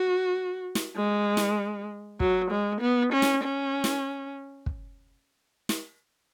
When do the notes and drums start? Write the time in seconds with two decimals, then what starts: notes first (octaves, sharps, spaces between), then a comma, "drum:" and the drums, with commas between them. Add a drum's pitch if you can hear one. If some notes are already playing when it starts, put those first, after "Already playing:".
Already playing: F#4
0.75 drum: snare
0.96 G#3
1.37 drum: snare
2.20 F#3, drum: kick
2.51 G#3
2.81 B3
3.13 C#4
3.22 drum: snare
3.43 C#4
3.84 drum: snare
4.66 drum: kick
5.69 drum: snare